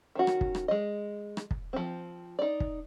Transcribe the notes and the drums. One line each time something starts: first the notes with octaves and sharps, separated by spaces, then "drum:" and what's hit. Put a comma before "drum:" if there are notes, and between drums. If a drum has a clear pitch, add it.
D#3 C#4 F#4
drum: rim click
drum: kick
drum: rim click
G#3 D#5
drum: rim click
drum: kick
F3 C4
D#4 D5
drum: kick